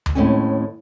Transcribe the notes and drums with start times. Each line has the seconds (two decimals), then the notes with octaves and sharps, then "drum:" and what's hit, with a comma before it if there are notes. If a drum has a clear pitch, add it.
0.06 drum: tom D2
0.15 D#2 A2 G#3 C4 C#4 G#5